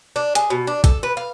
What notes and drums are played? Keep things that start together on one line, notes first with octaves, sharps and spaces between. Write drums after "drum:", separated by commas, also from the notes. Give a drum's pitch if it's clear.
D4
G#4, drum: hi-hat
B2
D4
A4, drum: kick, hi-hat
B4
F5